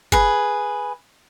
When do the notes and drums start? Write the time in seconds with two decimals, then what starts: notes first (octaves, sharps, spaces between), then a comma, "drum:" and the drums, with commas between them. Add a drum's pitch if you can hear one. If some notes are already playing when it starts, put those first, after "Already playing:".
0.12 G#4 B4, drum: kick G1